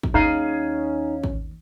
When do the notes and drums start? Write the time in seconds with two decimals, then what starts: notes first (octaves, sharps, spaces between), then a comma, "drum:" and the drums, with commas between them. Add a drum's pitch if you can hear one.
0.03 drum: kick
0.14 D#2 C#4 D#4 G#4 F5
1.24 drum: kick